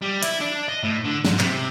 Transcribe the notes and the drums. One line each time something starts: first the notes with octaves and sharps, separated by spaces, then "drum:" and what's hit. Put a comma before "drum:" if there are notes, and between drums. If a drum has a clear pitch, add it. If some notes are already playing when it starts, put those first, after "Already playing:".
G3
E4, drum: hi-hat
D4
D#5
A2
D3
G#2, drum: snare
C3, drum: clap